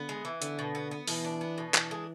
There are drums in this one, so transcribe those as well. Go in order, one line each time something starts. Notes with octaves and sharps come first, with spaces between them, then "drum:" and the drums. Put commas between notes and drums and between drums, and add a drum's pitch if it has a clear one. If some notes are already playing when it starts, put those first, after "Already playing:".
Already playing: D3 B3
G#3
E3
D3 B3, drum: hi-hat
B2
B3
B3
B2 E3, drum: open hi-hat
D4
B3
B2
E3 D4, drum: clap
G#3